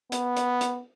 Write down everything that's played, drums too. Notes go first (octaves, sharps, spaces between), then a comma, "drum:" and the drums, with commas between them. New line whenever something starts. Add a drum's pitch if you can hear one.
B3, drum: hi-hat
drum: hi-hat
drum: hi-hat